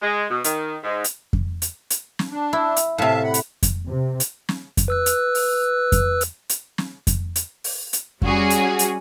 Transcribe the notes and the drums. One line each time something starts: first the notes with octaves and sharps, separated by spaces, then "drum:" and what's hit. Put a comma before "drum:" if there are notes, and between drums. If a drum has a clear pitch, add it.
G#3
B2
D#3, drum: hi-hat
G#2
drum: hi-hat
drum: kick F2
drum: hi-hat
drum: hi-hat
drum: snare
D4
E4
drum: hi-hat
A2 C3 E5 F5 A5
F#5 B5
drum: hi-hat
drum: kick F2, hi-hat
C3
drum: hi-hat
drum: snare
drum: kick F2, hi-hat
B4 E6 F#6
drum: hi-hat
drum: open hi-hat
drum: kick F2, hi-hat
drum: hi-hat
drum: hi-hat
drum: snare
drum: kick F2, hi-hat
drum: hi-hat
drum: open hi-hat
drum: hi-hat
G3 C#4 F#4 G#4, drum: kick F2
drum: hi-hat
drum: hi-hat